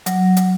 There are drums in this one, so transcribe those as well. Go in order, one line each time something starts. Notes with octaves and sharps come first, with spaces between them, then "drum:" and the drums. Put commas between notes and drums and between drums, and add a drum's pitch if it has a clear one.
F#3, drum: hi-hat
drum: hi-hat